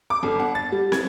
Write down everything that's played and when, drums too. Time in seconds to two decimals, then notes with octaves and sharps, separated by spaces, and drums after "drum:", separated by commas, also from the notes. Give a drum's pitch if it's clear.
0.10 D6
0.23 G1
0.40 F#5
0.55 A6
0.72 G3
0.92 G#6, drum: snare